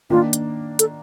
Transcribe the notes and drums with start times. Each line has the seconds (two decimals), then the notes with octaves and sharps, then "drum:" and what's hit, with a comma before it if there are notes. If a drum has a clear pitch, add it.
0.10 D#3 A#3 D4 F4
0.33 drum: hi-hat
0.79 A4, drum: hi-hat